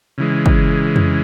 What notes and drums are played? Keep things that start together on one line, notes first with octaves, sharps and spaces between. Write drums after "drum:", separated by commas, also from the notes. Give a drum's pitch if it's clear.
C#3 E3 G#3
drum: kick
drum: tom F2